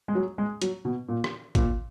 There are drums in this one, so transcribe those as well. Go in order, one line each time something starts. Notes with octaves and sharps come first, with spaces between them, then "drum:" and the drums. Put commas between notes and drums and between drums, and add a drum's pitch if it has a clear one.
G#3
F#3
G#3
F#3, drum: hi-hat
B2
A#2
drum: rim click
A#2, drum: kick G#1, hi-hat